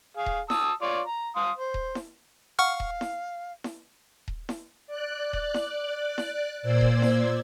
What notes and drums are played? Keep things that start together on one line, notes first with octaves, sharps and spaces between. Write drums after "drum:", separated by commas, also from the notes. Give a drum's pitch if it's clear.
G#4 F5
drum: kick D#1
A5 D#6 E6, drum: snare E4
F4 C#5 D5
A#5
F5 C6 D#6
C5
drum: kick D#1
drum: snare E4
F5 F#5 C#6 F6
drum: kick D#1
drum: snare E4
drum: snare E4
drum: kick D#1
drum: snare E4
D5 F#6
drum: kick D#1
drum: snare E4
drum: snare E4
A#2 C5 D5 E6 G#6
drum: kick D#1
drum: snare E4